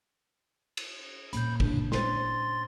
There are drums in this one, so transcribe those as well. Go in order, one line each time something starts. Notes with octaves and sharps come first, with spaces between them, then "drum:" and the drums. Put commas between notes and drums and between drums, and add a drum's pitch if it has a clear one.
drum: cymbal
A#2 A#3 C#4 B5 G6, drum: hi-hat
A2 C#3 D4, drum: kick
C#4 D4 C5 C6 A6, drum: snare